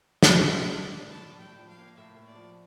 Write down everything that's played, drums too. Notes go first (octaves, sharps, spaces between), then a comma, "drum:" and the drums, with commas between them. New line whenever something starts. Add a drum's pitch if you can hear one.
A2, drum: snare
G3
F4
A#3
D4 D5
A2
A5
G3
A2 G5
F3
F5
A#3
A2 E5
A2
D5
F3